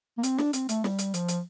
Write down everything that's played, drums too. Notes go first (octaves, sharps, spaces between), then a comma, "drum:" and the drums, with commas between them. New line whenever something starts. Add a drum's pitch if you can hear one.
A#3
C4, drum: hi-hat
D4, drum: snare
C4, drum: hi-hat
A3, drum: hi-hat
G3, drum: snare
drum: hi-hat
F3, drum: hi-hat
drum: hi-hat